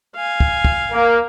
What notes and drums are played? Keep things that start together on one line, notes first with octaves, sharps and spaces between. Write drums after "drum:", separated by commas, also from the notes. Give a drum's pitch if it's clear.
F5 G#5
drum: kick
drum: kick
A#3